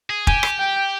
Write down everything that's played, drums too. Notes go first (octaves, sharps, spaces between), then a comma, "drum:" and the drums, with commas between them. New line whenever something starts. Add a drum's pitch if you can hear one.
G#4
G4 G#5, drum: kick F1
drum: rim click
G5